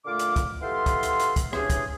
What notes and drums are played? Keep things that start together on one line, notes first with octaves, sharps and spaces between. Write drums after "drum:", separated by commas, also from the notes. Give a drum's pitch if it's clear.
A#2 D3 A3 F4 F5 D6
drum: hi-hat
drum: kick, hi-hat
E3 F#4 G4 A4 F5 C6
drum: kick, hi-hat
drum: hi-hat
drum: hi-hat
drum: kick, hi-hat
E3 C#4 D4 G4 G#4, drum: rim click
drum: kick, hi-hat